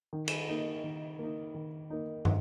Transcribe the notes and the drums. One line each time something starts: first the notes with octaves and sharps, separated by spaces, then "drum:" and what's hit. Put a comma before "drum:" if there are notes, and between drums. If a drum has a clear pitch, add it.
D#3
drum: cymbal
A#3 D#4
D#3
A#3 D#4
D#3
A#3 D#4
D#3, drum: tom